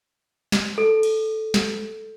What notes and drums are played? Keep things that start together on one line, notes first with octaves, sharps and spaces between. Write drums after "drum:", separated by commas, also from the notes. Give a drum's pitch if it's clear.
drum: snare
A4
drum: cymbal
drum: snare